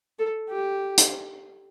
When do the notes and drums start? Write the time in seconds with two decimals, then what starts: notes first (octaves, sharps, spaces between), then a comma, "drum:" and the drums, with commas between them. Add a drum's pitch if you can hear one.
0.19 A4
0.49 G4
0.97 drum: hi-hat